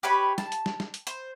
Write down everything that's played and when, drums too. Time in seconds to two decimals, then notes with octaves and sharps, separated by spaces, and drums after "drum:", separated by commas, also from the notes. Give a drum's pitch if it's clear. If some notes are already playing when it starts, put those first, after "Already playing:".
0.03 G4 B4 C#5 B5
0.38 A5, drum: snare
0.52 drum: hi-hat
0.66 drum: snare
0.80 drum: snare
0.94 drum: hi-hat
1.07 C5, drum: hi-hat